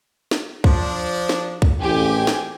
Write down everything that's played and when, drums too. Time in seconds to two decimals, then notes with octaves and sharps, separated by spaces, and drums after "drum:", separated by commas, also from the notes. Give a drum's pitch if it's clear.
0.31 drum: snare
0.64 F3 D4, drum: kick C2
1.29 drum: snare
1.62 drum: kick C2
1.81 A1 C4 G4 G#4 G#5
2.27 drum: snare